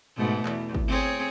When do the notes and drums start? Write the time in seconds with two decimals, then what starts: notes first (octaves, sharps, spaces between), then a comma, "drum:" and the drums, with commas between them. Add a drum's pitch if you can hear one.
0.16 G#2 B2 A3
0.46 E2, drum: clap
0.75 drum: kick
0.88 C4 G#4 C#5